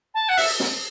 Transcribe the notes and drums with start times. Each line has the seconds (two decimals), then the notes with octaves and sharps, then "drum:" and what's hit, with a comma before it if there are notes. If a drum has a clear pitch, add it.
0.14 A5
0.29 F#5
0.38 E5, drum: open hi-hat
0.60 drum: snare